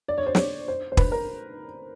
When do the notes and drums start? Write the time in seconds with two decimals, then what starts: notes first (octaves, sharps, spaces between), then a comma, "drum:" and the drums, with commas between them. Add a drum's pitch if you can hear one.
0.08 D5
0.18 C#5
0.26 C5
0.35 C#5, drum: snare
0.68 C5
0.92 C5
0.97 B4, drum: kick
1.12 A#4